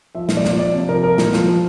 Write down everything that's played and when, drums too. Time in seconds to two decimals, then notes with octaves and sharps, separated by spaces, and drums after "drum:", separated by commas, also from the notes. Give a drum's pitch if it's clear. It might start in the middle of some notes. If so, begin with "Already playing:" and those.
0.15 F3 E5
0.29 A#2, drum: snare
0.37 D5
0.45 F3, drum: snare
0.59 F3 D5
0.74 C3
0.89 F3 A#4
1.03 F3 A#4
1.18 A#2, drum: snare
1.33 F3, drum: snare
1.48 F3